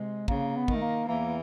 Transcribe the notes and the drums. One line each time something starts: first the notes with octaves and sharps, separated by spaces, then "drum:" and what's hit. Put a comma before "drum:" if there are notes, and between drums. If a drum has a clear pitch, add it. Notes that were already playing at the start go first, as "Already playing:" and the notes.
Already playing: C3 G#3
C#3 A#3, drum: kick
B3
D#3, drum: kick
A3
A#3
E2 E3 A#3